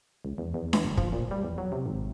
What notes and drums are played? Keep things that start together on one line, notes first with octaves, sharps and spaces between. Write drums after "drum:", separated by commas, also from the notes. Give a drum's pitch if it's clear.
C#2
E2
E2
E3, drum: snare D4
G1
F3, drum: kick
A#2
G3
E2
F#3
C3
G#1